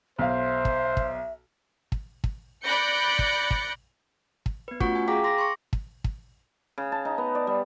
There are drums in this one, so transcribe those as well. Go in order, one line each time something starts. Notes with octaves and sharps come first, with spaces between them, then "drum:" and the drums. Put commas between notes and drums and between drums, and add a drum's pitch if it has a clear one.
B1 C5 E5 F5
drum: kick
drum: kick
drum: kick
drum: kick
D5 B5 F#6 G6 A#6 C#7
drum: kick
drum: kick
drum: kick
B3 B4
A3 C#4 F4 F#4 F#5 C#6, drum: kick
G#5
G#4 F5 G5 A#5 D6 B6
C6 D6 A#6
C6 C#6
drum: kick
drum: kick
C#3
A5
D#4
B3
D5
G3